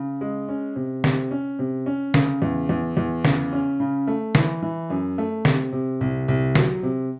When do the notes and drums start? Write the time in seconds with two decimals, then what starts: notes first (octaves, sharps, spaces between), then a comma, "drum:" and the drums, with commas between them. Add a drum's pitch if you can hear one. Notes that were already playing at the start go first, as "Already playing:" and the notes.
Already playing: C#3
0.21 G#3
0.49 C#4
0.76 C3
1.04 C3, drum: snare
1.31 C#4
1.59 C3
1.86 C#4
2.14 C#3, drum: snare
2.42 E2
2.69 E2
2.97 E2
3.25 C#3, drum: snare
3.52 C#4
3.80 C#3
4.07 A3
4.35 E3, drum: snare
4.62 E3
4.90 F#2
5.18 A3
5.45 C3, drum: snare
5.72 C3
6.01 C2
6.28 C2
6.55 F#3, drum: snare
6.83 C3